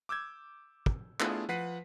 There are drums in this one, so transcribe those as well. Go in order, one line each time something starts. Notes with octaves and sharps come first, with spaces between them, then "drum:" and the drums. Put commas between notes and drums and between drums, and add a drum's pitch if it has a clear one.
D6 E6 G6 G#6
drum: kick
A3 B3 D4 E4 F4 G#4, drum: clap
F3 B4 F#5 B6 C7 D#7